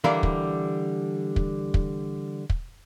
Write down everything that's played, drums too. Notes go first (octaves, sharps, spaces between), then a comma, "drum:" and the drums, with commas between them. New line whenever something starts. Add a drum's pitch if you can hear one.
D3 E3 G3 A#4 F5 B5
drum: kick
drum: kick
drum: kick
drum: kick